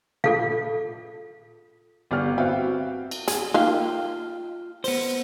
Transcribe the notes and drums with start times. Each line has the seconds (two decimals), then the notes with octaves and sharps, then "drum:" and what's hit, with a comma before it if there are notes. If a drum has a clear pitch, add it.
0.24 F4 A4 F5, drum: tom A#2
2.11 G1 G4 D5 F6
2.38 C4 F#4 B4 E5 F5 G5
3.11 drum: cymbal
3.28 G#4, drum: hi-hat
3.54 A#3 D#4 F4 F5 G5
4.84 B3 C5, drum: open hi-hat